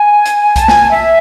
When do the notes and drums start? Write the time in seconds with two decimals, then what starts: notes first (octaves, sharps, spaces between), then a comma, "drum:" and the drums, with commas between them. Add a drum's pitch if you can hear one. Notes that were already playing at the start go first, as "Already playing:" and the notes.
Already playing: G#5
0.26 drum: hi-hat
0.56 A5, drum: kick C2, hi-hat
0.68 G#5, drum: snare
0.91 E5